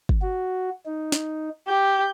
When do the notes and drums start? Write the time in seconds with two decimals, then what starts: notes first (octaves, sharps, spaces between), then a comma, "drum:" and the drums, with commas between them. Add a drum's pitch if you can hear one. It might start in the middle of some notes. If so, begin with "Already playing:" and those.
0.09 drum: kick
0.22 F#4
0.86 D#4
1.12 drum: snare
1.68 G4 G6